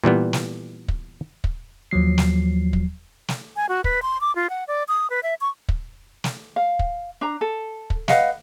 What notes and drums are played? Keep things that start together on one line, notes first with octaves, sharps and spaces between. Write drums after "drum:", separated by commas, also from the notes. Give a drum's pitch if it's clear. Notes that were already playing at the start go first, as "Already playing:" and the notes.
A#2 E3 G3 B3
drum: snare
drum: kick
drum: kick
D#2 F3 F#3 C7
drum: snare
drum: kick
drum: snare
G#5
F#4
B4, drum: kick
C6
D6
F4
F#5
D5
D#6
B4
E5
C#6
drum: kick
drum: snare
F5
drum: kick
D4 A#5
A4
drum: kick
B4 D#5 F5 F#5, drum: snare